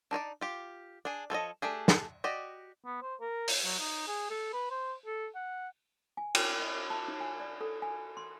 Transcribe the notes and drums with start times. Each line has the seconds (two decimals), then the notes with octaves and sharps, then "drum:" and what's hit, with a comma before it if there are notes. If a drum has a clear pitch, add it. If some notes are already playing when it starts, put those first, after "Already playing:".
0.11 D4 D#4 C#5 D5
0.41 F4 G4
1.05 D4 G#4
1.30 F3 A4 C#5 D#5
1.62 A3 D4 G4 G#4
1.88 drum: snare
2.24 F#4 G4 D5 D#5
2.85 B3
3.02 C5
3.21 A#4
3.48 drum: open hi-hat
3.64 F#3
3.79 D#4
4.08 G#4
4.30 A4
4.53 B4
4.71 C5
5.06 A4
5.35 F#5
6.17 G#5
6.35 G5, drum: cymbal
6.59 D#5
6.90 A5
7.08 D#4
7.20 G#5
7.40 D5
7.61 A4
7.82 G#5
8.17 C6